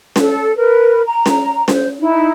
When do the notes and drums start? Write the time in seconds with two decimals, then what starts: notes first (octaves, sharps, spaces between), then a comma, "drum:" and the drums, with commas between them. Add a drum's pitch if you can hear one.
0.16 A4, drum: snare C#4
0.55 A#4 B4
1.06 A#5
1.26 drum: snare C#4
1.68 C5, drum: snare C#4
1.99 D#4 E4